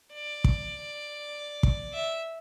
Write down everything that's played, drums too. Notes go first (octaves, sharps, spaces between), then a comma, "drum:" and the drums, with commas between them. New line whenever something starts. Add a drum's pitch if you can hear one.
D5
drum: kick
drum: kick
E5